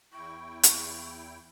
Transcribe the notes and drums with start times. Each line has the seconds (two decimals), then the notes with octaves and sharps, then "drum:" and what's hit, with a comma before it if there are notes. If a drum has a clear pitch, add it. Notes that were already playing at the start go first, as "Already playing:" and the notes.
0.13 E2 E4 G5 C#6
0.63 drum: hi-hat